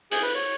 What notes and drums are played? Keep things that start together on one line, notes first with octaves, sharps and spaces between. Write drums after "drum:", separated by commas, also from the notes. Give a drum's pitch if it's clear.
G#4, drum: open hi-hat
B4
C#5